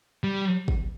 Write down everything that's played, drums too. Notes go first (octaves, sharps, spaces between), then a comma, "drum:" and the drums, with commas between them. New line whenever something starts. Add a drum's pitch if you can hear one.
G3
drum: kick